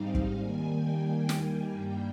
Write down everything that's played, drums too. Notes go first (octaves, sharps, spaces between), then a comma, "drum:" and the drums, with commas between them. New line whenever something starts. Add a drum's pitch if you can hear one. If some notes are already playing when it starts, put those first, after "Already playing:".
Already playing: G#2 G3 C4 D#4 F5
drum: kick
D#2 D#3 G3 A#3 G#5
G5
drum: snare
G2 G3 A#3